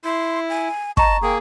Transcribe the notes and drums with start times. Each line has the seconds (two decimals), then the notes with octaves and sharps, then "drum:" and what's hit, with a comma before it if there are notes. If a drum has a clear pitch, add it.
0.05 E4 C6
0.49 G#5
0.97 D#5 A5 A#5 C#6, drum: kick
1.22 A#3 G#4 G5